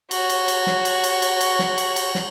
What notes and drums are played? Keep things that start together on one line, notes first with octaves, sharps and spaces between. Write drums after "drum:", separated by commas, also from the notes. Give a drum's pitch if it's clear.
F#4 C#5, drum: cymbal
drum: cymbal
drum: cymbal
drum: snare
drum: cymbal
drum: cymbal
drum: cymbal
drum: cymbal
drum: snare
drum: cymbal
drum: cymbal
drum: snare